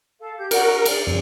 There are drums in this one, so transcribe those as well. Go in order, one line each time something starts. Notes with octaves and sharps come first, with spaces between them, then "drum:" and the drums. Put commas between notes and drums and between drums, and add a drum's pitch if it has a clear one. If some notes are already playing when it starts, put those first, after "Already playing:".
A4 F5
G4 G6
F#4 A#4 D5 F#5, drum: cymbal
D5, drum: cymbal
F2